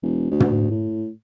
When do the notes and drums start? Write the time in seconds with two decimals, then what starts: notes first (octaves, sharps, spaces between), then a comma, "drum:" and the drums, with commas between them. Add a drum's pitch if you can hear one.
0.02 E1
0.31 D2
0.40 drum: tom
0.70 A2